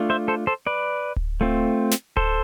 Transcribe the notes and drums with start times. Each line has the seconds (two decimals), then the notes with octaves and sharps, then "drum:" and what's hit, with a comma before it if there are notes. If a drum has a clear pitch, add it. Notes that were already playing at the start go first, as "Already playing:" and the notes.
Already playing: A3 D4 F4
0.10 C5 E5
0.28 A4 C5
0.47 A4 C5
0.67 B4 D5
1.16 drum: kick D1
1.41 A3 C4 F4
1.91 drum: snare
2.17 A4 C5, drum: kick D1